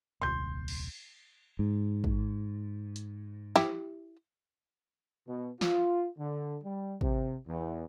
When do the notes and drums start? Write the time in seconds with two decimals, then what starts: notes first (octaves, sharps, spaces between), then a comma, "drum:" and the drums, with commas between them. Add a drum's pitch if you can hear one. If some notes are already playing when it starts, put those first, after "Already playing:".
0.22 D#1 C2 C6 G6
0.68 drum: cymbal
1.59 G#2
2.04 drum: kick
2.96 drum: hi-hat
3.56 E4 G4, drum: snare
5.27 B2
5.61 F4, drum: snare
6.18 D3
6.64 G3
7.01 C3, drum: kick
7.47 E2